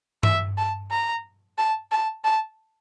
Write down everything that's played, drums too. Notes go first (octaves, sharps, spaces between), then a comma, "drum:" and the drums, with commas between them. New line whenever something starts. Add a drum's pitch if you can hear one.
E5, drum: tom G2
A5
A#5
A5
A5
A5